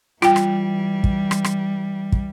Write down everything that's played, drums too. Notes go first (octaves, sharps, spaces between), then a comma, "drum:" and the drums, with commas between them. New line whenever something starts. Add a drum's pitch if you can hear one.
E3 G3 F4 G5, drum: rim click
drum: rim click
drum: kick
drum: rim click
drum: rim click
drum: kick